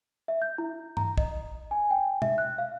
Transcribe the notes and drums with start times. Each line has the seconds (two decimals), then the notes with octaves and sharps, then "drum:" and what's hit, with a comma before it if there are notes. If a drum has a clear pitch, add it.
0.28 E5
0.42 G6
0.58 E4
0.97 A#5, drum: tom G2
1.18 D#5, drum: kick
1.71 G#5
1.91 G5
2.22 E5, drum: tom B2
2.38 F#6
2.58 F5